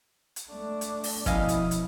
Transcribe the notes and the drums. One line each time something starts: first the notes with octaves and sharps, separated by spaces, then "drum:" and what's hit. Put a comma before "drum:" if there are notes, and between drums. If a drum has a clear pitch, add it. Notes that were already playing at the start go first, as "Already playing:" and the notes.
drum: hi-hat
A3 D4
drum: hi-hat
drum: open hi-hat
B2 F3 C#4 E4 D#5 F5, drum: kick, hi-hat
drum: hi-hat
drum: hi-hat